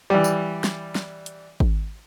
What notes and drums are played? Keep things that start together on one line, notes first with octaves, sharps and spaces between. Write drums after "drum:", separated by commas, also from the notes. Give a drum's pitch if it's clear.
E3 G3
drum: tambourine
drum: snare
drum: snare
drum: hi-hat
drum: kick G#1